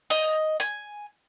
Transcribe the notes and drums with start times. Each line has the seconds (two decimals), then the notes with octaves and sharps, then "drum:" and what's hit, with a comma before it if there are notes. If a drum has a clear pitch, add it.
0.10 D#5, drum: open hi-hat
0.60 G#5, drum: hi-hat